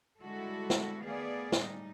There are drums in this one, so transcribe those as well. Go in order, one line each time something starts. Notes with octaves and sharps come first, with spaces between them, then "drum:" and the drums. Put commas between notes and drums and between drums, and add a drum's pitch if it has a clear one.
D3 G3 G#3 E4 F#4 A4
drum: snare
D#3 A3 B3 G#4 D5 F5
A2 G3 D#4, drum: snare